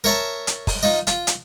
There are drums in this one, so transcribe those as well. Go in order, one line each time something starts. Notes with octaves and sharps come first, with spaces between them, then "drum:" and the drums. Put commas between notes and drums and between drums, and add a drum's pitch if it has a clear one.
A#4 C#5 E5 A5 A#5
drum: hi-hat
drum: kick, open hi-hat
D#4 F4 D#5
F4, drum: hi-hat
drum: hi-hat